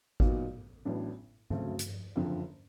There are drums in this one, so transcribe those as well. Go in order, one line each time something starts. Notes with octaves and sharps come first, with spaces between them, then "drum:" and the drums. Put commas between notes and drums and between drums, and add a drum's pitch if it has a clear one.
A#2 F#3 B3 D#4 F#4, drum: kick G#1
A1 A2 F#3 B3 D4
D2 C#3 F#3 A3 C4, drum: tom G2
drum: hi-hat
F#1 F2 D3 F3